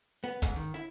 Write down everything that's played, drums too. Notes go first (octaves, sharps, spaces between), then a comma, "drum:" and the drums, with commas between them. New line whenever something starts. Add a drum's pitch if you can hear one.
B3
G#2, drum: kick, hi-hat
D#3
E4